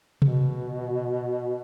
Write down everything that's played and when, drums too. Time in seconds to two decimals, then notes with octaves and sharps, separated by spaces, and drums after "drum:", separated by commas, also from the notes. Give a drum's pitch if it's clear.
0.22 B2, drum: tom C3